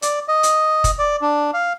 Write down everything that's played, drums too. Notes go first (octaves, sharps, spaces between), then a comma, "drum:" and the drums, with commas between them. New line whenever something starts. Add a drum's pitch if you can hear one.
D5, drum: hi-hat
D#5
drum: hi-hat
drum: kick, hi-hat
D5
D4
F5